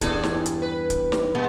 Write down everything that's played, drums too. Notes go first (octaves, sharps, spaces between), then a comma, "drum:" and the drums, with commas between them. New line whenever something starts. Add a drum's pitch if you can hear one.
E2 G2 D4 G#4 A4, drum: kick D1, hi-hat
drum: snare
drum: hi-hat
B4
drum: kick D1, hi-hat
drum: snare
G3 G#3 B3